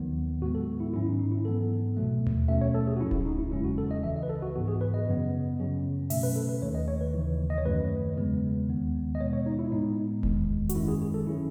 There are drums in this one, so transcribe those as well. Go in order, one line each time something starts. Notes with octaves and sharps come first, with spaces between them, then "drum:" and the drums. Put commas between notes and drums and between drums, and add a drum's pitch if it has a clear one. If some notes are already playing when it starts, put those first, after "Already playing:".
Already playing: D#2 D#3 F#3 B3
A2 G#3 B3 F#4
A4
E4
G#2 D#3 F#3 C#4 E4
D#4
D#4
E4
G#2 E3 B3 A4
C#2 B2 F#3 A3
drum: tom D#2
B2 A3 C#4 E5
C#5
A4
G#4
F#4
A2 F#3 C#4 E4
drum: kick D1
D#4
E4
E2 C#3 G#3 C#4 E4
F#4
A4
D#5
C#2 C#3 E3 E5
D#5
B4
A4
F#4
G#2 E3 B3 F#4
G#4
B4
D#5
F#2 C#3 F#3 B3
F#2 C#3 F#3 C#4
B2 A3 C#4 E5, drum: open hi-hat
B4
A4
B4
D#2 D#3 A3 C#5
D#5
C#5
B4
D#2 C#3 E3
D#5
C#5
F#2 D#3 F#3 A3 B4
E2 C#3 G#3 B3
D#2 D#3 G#3 B3
D#5
B2 G#3 B3 C#5
C#5
D#4
E4
A2 G#3 B3 D#4
E2 D#3 G#3, drum: kick D1
F#4, drum: hi-hat
F#2 D#3 G#3 C#4 E4
G#4
G#4
A4
D#3 F#3 C#4 E4